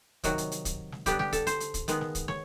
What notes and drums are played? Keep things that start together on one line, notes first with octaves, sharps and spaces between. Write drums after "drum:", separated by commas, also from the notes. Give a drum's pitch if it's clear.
C3 D#3 F#3 F#4, drum: kick, hi-hat
drum: hi-hat
drum: hi-hat
drum: kick, hi-hat
drum: snare
D3 G3 B3 D4 G4, drum: kick, hi-hat
G4, drum: snare
A4, drum: kick, hi-hat
C5, drum: hi-hat
drum: hi-hat
drum: kick, hi-hat
D#3 G#3 B3, drum: hi-hat
drum: snare
drum: kick, hi-hat
C#5, drum: snare